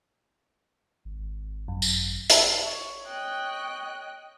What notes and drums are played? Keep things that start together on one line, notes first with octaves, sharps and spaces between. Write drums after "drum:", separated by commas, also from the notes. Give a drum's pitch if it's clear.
G#1
F#2
drum: tambourine
E5 A5, drum: hi-hat
C#5
D#5 G5 F#6